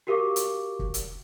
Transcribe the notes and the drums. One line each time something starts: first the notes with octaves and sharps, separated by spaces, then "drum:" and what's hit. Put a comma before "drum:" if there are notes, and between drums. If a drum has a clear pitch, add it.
F#4 G4 A#4 F5 C#6 D6
drum: hi-hat
drum: kick
drum: hi-hat